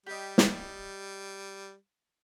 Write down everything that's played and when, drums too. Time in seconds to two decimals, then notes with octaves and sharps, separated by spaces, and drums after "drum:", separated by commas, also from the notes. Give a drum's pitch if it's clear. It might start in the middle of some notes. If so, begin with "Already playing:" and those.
0.06 G3 G4 D#5
0.38 drum: snare